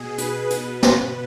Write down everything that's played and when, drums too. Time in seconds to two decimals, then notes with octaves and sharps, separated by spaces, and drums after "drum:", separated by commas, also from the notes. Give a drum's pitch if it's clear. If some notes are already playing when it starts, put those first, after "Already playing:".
Already playing: B2 G#4
0.18 B4, drum: hi-hat
0.50 B2 B4, drum: hi-hat
0.83 drum: snare